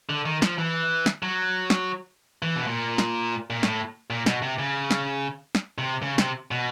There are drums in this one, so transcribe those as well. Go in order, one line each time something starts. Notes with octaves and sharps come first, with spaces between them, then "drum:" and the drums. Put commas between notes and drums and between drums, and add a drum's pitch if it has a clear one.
D3
D#3
F3, drum: snare
E3
drum: snare
F#3
drum: snare
E3
B2
A#2
drum: snare
A#2
A2, drum: snare
A#2
B2, drum: snare
C3
C#3
drum: snare
drum: snare
C3
C#3
C3, drum: snare
B2